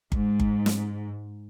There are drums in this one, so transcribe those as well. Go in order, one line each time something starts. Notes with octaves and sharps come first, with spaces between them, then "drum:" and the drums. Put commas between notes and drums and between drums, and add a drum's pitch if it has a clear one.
G#2, drum: kick G1
drum: kick G1
drum: snare